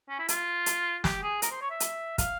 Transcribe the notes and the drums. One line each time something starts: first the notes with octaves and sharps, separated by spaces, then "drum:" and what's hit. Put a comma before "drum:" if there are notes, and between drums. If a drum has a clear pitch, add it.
C#4
E4
F4, drum: hi-hat
drum: hi-hat
G4, drum: snare
G#4
A#4, drum: hi-hat
C5
C#5
E5
drum: hi-hat
F5, drum: kick, hi-hat